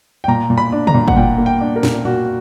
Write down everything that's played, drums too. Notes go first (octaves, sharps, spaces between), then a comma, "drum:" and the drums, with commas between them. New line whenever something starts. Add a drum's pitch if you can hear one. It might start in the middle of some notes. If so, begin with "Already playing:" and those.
G5
A#2 A#5
A#2
B5
D4
A#5, drum: tom B2
A#2
F#5, drum: kick
A#2 G5
A#3
G5
D4
A#4
A#2, drum: snare C#4
A#2 F#4